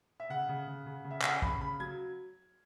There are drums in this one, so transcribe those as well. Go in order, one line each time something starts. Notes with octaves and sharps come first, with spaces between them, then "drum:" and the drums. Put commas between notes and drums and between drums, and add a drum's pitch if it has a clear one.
E5
C#3 F#5
C#3
C#3
C#3
C#3
E5
C#4 F#5, drum: clap
G#5
C#3 B5, drum: kick
C#3 B5
F#3 G#6